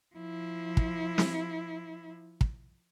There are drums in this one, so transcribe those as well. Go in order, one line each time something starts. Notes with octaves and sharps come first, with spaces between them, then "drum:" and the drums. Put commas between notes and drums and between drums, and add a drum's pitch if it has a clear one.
F3 E4
drum: kick
drum: snare
drum: kick